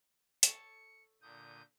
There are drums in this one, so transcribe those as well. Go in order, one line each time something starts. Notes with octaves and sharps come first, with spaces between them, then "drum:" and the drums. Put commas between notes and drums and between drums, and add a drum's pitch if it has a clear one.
A4 C#5 A5 C#7, drum: hi-hat
A#2 D3 D#6 G6